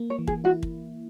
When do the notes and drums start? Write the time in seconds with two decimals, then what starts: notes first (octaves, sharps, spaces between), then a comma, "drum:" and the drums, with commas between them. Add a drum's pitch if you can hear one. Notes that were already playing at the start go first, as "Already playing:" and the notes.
Already playing: A#3
0.10 C#5
0.19 E3
0.27 G#4, drum: kick
0.44 E4 F#4
0.63 drum: kick